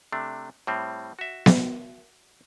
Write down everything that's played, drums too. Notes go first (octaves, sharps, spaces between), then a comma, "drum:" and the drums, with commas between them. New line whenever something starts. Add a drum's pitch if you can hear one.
C3 A3 D4
A2 G3 C4
F#4 E5
drum: snare B3